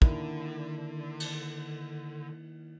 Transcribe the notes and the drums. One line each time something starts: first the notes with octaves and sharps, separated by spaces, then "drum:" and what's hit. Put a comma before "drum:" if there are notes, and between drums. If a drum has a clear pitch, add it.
D3 D#3 A#3 E4, drum: kick
drum: cymbal